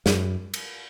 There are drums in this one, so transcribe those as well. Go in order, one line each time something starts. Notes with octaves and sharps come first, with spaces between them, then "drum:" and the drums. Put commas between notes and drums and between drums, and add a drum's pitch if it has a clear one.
F#2, drum: snare
drum: cymbal